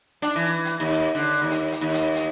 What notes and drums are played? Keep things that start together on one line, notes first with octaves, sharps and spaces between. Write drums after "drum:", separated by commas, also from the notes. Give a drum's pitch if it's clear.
D4, drum: hi-hat
E3
drum: hi-hat
D#2
D3
D#2
drum: hi-hat
drum: hi-hat
D#2
drum: hi-hat
drum: hi-hat